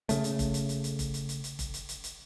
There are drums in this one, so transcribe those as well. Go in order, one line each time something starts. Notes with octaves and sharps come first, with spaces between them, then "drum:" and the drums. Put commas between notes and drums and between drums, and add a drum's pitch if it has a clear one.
C#3 A3, drum: hi-hat
drum: hi-hat
drum: kick F1, hi-hat
drum: hi-hat
drum: hi-hat
drum: hi-hat
drum: kick F1, hi-hat
drum: hi-hat
drum: hi-hat
drum: hi-hat
drum: kick F1, hi-hat
drum: hi-hat
drum: hi-hat
drum: hi-hat